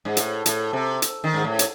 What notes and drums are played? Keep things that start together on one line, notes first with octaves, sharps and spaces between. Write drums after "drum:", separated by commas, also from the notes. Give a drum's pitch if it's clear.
G#2
A2, drum: hi-hat
A2, drum: hi-hat
C3
drum: hi-hat
D#3
G#2
A2
drum: hi-hat